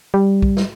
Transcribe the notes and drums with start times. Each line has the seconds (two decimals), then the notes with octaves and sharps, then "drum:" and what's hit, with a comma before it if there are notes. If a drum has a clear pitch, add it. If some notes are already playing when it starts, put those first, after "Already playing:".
0.14 G3
0.42 drum: kick B1
0.57 drum: snare